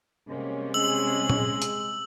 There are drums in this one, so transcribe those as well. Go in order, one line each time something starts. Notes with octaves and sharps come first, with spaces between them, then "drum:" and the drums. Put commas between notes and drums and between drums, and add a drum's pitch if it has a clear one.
C3 G3 G#3 A#3 C#4
G#3 C#4 E6 F#7
drum: tom A#2
drum: hi-hat